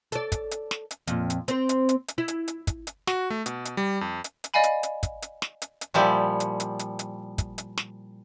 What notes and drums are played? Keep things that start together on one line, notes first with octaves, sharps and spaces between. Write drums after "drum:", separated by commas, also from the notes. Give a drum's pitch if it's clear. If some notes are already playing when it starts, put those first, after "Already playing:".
A4 D5, drum: hi-hat
drum: kick, hi-hat
drum: hi-hat
drum: snare
drum: hi-hat
F2 A#2, drum: hi-hat
drum: hi-hat
C4 C5, drum: hi-hat
drum: hi-hat
drum: hi-hat
drum: hi-hat
E4
drum: hi-hat
drum: hi-hat
drum: kick, hi-hat
drum: hi-hat
F#4, drum: snare
A3
B2, drum: hi-hat
drum: hi-hat
G3
F2
drum: hi-hat
drum: hi-hat
D5 D#5 F5 G#5 B5
drum: hi-hat
drum: hi-hat
drum: kick, hi-hat
drum: hi-hat
drum: snare
drum: hi-hat
drum: hi-hat
A#2 F3 G3 E4
drum: hi-hat
drum: hi-hat
drum: hi-hat
drum: hi-hat
drum: kick, hi-hat
drum: hi-hat
drum: snare